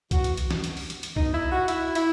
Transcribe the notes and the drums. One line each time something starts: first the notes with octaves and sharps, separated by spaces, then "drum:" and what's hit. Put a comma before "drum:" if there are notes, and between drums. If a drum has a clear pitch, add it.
A2 E3 F#4, drum: kick C2, hi-hat
drum: hi-hat
drum: hi-hat
drum: snare
drum: hi-hat
drum: open hi-hat
drum: hi-hat
drum: hi-hat
B2 D#4, drum: kick C2
E4
F#4
E4, drum: hi-hat
E4, drum: hi-hat